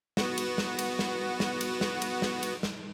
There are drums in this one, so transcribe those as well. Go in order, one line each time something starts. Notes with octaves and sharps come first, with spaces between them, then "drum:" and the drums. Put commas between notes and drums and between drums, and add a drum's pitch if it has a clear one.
B3 F#4, drum: snare
drum: cymbal
drum: snare
drum: cymbal
drum: snare
drum: snare
drum: cymbal
drum: snare
drum: cymbal
drum: snare
drum: cymbal
drum: snare